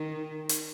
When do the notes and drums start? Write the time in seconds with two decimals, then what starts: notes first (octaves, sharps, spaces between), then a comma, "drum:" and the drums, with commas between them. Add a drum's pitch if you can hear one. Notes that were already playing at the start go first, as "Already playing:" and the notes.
Already playing: D#3
0.49 drum: hi-hat